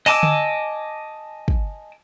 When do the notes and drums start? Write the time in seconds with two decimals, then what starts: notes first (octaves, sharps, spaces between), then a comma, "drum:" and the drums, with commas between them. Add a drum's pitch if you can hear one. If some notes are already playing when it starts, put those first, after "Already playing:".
0.06 D#5 G#5 A5 D6 E6, drum: open hi-hat
0.23 drum: tom D3
1.48 drum: kick